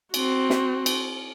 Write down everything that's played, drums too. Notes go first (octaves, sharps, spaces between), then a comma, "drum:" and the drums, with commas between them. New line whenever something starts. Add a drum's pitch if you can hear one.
C4 F#4, drum: cymbal
drum: snare
drum: cymbal